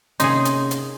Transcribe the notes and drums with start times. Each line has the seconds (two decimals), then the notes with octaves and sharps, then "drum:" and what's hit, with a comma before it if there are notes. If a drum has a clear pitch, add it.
0.20 C3 A#3 C#4 D#4 G#4 C6, drum: hi-hat
0.45 drum: hi-hat
0.71 drum: hi-hat